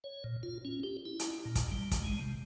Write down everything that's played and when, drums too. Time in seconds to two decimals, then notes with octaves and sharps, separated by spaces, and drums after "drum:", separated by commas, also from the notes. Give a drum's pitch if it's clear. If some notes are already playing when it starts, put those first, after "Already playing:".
0.04 C#5
0.24 A#2
0.43 F4
0.65 C#4
0.83 G4
1.05 E4
1.19 drum: hi-hat
1.45 A#2
1.55 drum: kick, hi-hat
1.72 G3
1.92 drum: kick, hi-hat
2.02 G#3
2.21 C3